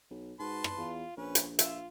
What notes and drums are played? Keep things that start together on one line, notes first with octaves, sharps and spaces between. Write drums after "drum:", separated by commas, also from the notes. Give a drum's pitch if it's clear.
B1
G#2 F#4 B4 A5 C6
drum: rim click
E2 F4
A#1 C#4 B4
drum: hi-hat
F4 E5, drum: hi-hat